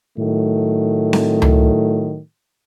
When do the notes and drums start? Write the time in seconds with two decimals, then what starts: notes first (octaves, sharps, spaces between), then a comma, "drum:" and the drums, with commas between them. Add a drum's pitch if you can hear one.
0.18 A2 D#3 F#3 A3
1.13 drum: snare C4
1.42 drum: tom C#2